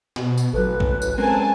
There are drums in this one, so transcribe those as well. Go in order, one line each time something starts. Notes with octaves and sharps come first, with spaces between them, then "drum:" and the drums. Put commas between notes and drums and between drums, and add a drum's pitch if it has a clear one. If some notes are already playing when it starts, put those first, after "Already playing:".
B2, drum: snare
drum: tambourine
A1 F#3 A4 B4
drum: kick A#1
drum: tambourine
G#3 C4 C#4 A#4 G#5 A5